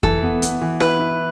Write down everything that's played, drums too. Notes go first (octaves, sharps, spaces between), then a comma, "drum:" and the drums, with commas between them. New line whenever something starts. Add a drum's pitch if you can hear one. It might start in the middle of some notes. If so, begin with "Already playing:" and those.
E3 A4, drum: kick F2
B3
B3, drum: hi-hat
E3
E4 B4, drum: rim click
E4